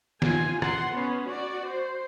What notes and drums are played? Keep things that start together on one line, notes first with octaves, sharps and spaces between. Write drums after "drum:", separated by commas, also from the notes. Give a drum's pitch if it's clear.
F4 G#5, drum: snare
F#5 C6, drum: rim click
B3 C#4
F#4 D5
C5